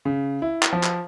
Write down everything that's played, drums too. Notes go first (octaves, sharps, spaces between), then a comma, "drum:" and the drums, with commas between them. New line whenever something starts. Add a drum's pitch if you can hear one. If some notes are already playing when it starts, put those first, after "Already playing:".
C#3
E4
drum: clap
F3
drum: clap